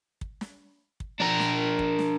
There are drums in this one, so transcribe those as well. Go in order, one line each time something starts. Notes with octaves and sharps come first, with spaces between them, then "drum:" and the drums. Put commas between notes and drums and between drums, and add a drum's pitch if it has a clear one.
drum: kick
drum: snare
drum: kick
D4 A#4
drum: snare
drum: kick
drum: snare